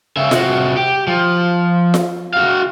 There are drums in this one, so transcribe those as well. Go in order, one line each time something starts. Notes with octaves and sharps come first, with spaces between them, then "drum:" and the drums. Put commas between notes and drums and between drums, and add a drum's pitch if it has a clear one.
C#3 E5
C3 F#4, drum: snare F4
G4
F3
drum: snare F4
F#4 F5